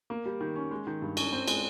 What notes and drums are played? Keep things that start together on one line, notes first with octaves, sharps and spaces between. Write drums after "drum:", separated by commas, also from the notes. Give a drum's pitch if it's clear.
A#3
G3
D#3
C#4
G#3
D#3
G2
C#4, drum: cymbal
C4
G#3, drum: cymbal